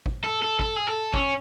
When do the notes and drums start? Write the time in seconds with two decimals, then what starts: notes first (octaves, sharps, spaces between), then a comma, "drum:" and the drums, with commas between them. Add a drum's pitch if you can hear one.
0.06 drum: kick
0.24 A4
0.42 A4
0.59 A4, drum: kick
0.76 G#4
0.87 A4
1.14 C#4, drum: kick